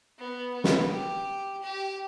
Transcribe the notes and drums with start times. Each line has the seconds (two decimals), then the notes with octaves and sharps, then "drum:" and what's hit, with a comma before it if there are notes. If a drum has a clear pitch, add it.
0.19 B3
0.54 B3
0.64 drum: snare
0.90 G4
1.63 G4